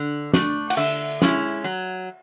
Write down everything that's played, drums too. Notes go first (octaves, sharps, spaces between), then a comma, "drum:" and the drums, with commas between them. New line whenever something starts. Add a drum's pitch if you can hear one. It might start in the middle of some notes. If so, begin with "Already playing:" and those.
Already playing: D3
A3 D4, drum: snare
F#5, drum: cymbal
D3 E5
G#3 C#4 E4, drum: snare
F#3